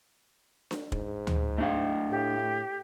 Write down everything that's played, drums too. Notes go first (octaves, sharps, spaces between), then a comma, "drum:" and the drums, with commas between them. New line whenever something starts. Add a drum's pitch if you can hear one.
drum: snare D4
G#2, drum: kick
drum: tom D2
A3 D4 F5
A2 G4